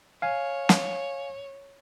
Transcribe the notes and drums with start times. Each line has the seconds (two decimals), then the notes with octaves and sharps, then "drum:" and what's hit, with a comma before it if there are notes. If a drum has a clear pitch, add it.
0.22 C#5 F5 G#5
0.69 drum: snare